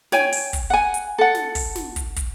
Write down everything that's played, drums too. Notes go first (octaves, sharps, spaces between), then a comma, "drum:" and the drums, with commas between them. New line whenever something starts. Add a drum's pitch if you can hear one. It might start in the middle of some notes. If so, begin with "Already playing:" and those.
C#5 G5 G#5, drum: snare
drum: open hi-hat
drum: kick, hi-hat
F#5 G#5
drum: hi-hat
A4 F#5
drum: snare
drum: kick, open hi-hat
drum: snare
drum: kick, hi-hat
drum: kick, hi-hat